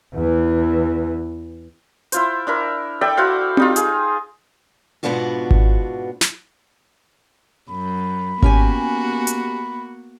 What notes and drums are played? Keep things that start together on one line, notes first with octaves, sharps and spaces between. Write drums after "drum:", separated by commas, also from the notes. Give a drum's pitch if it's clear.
E2 E3
E4 F4 C5, drum: hi-hat
D4 E4 A#4
A4 D5 E5 G5
E4 F#4 C5 F5
G3 D#4 F4, drum: tom C4
G#4, drum: hi-hat
G#2 B2 B3 D4 F4 F#4
drum: kick G#1
drum: snare
F#2 B5
A#3 B3 C#4 F#4 G4 G#5, drum: kick G#1
drum: hi-hat